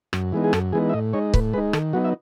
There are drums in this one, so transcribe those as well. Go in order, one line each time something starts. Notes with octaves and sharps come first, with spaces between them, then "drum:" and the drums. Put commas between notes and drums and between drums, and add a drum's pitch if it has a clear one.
F#2, drum: rim click
E3 G#3 B3 D#4
G#4
F#2 A4, drum: rim click
E3 G#3 B3 D#4 G#4
E5
A2 D#5
G#3 D#4 C#5
A2 B4, drum: kick C#1
G#3 D#4 B4
D#3 A4, drum: rim click
F#3 B3 D#4 F#4
E5